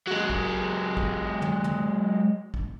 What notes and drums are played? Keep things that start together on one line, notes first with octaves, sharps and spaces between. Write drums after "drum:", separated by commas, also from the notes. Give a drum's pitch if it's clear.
F#3 G#3
drum: kick
drum: kick
drum: tom
drum: tom
drum: kick